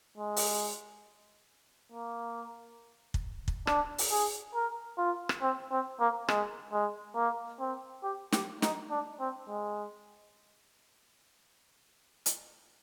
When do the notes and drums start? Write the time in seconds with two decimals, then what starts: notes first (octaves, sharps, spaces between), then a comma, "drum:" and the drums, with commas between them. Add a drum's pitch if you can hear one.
0.18 G#3
0.36 drum: open hi-hat
1.92 A#3
3.14 drum: kick
3.48 drum: kick
3.67 D4, drum: rim click
3.98 drum: open hi-hat
4.11 G#4
4.55 A#4
4.98 F4
5.29 drum: rim click
5.42 C4
5.72 C4
6.00 A#3
6.28 G#3, drum: rim click
6.72 G#3
7.16 A#3
7.60 C4
8.03 G4
8.32 G4, drum: snare
8.62 D#4, drum: snare
8.91 D4
9.20 C4
9.49 G#3
12.26 drum: hi-hat